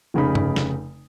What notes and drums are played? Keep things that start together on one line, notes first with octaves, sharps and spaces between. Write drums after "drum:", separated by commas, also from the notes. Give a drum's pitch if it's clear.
F1 C#3 D#4 B5
drum: tom G2
drum: snare